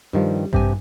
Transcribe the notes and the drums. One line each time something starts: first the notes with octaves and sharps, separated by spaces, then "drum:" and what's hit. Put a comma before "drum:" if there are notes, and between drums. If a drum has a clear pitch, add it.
G2 D#3 F3 G3
G2 C3 G4 G#5, drum: kick A1